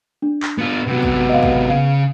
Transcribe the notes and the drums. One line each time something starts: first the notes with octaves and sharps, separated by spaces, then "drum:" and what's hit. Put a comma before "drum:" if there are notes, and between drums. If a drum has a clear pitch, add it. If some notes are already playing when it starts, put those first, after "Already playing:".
D4
drum: clap
B3 F4
C3 F#3 B3
drum: kick
D#5 F5
drum: kick
C#3 F5